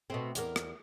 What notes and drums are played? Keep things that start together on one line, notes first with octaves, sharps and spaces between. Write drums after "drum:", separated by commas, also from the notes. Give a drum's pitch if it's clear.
B2 A3 C4
E2 F#4 A#4, drum: hi-hat
drum: rim click